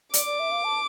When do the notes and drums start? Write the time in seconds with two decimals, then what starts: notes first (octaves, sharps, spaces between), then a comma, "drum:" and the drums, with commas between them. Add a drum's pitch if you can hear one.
0.14 D5 D6, drum: hi-hat
0.26 D5
0.40 E5
0.51 F5
0.64 A5